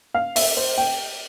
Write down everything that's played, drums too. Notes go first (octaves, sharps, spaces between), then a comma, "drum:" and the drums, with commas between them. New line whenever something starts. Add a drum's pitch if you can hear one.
F5
E5, drum: open hi-hat
C5
G5